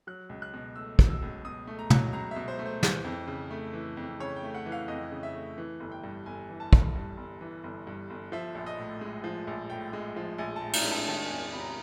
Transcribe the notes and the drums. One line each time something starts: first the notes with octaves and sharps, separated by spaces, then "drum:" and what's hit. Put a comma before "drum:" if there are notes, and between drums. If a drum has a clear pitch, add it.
F#3 F#6
C#2
F#6
B2
A3 E6
F#3, drum: kick
E6
C#2
B2 D#6
A3
A#5
F#3, drum: tom
C#2 A#5
B2 E5
C5
A3
C5
E3, drum: snare
F2
C#3
A3
E3
F2
C#3 C#5
G5
A3
F#5
E3
F5
F2 D#5
C#3
E5
A3
E3
G1
G5
G2
G1 G#5
E3
A5
G1, drum: kick
G2
G1
E3
G1
G2
G1
F3 E5
A#1
D#5
A2
G#3
F3
A#1
A2 G5
G#3
F3
A#1 G#5
A5
A2
A#5, drum: cymbal
G#3
A5
D#3 A5
E2 G#5
C3 B5
A#5